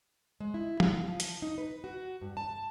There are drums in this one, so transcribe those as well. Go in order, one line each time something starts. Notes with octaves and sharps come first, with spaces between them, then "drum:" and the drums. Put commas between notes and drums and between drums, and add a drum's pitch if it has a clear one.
G#3
E4
F5, drum: tom
F3
drum: hi-hat
D#4
B4
F#4
G2
A5